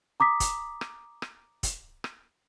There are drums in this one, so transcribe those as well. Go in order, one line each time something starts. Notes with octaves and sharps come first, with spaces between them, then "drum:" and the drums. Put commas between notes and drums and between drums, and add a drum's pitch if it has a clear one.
A#5 D6 D#6 B6
drum: kick, hi-hat
drum: rim click
drum: rim click
drum: kick, hi-hat
drum: rim click